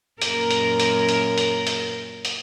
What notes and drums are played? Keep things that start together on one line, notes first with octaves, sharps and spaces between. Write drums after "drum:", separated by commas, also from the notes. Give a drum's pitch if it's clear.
F#2 A#2 A#4, drum: hi-hat
drum: hi-hat
drum: hi-hat
drum: hi-hat
drum: hi-hat
drum: hi-hat
drum: hi-hat